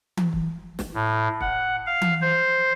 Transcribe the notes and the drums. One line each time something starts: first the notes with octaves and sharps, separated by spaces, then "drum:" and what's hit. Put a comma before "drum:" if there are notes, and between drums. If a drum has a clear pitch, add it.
drum: tom E3
drum: kick
drum: snare
A2
F#5, drum: kick
F5
drum: tom E3
C5